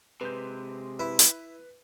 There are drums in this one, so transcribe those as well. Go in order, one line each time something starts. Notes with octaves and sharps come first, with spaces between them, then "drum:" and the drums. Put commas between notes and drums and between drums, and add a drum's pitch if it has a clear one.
C3 G#3 B4 G6
E4 B4
drum: hi-hat